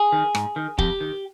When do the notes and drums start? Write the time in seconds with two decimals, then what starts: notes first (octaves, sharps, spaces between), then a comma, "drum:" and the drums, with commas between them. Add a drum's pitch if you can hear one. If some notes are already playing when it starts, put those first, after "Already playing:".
Already playing: G#4
0.12 D#3
0.35 G#2, drum: rim click
0.56 D#3
0.78 F2 G4, drum: kick
1.00 D#3